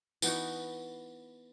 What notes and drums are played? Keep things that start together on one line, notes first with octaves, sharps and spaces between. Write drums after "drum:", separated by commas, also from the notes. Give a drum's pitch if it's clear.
E3 B3 D#4 F#4, drum: tambourine